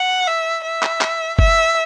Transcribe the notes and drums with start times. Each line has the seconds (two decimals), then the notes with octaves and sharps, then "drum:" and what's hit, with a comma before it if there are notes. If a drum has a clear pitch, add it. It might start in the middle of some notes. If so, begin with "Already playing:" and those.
Already playing: F#5
0.27 E5
0.64 E5
0.83 drum: clap
1.01 drum: clap
1.39 E5, drum: kick F#1